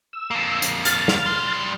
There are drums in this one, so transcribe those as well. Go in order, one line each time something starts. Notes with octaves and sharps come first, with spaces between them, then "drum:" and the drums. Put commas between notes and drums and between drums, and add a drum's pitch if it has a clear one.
E6
F2 A#3
drum: hi-hat
F6 A6, drum: hi-hat
drum: snare
G3 C6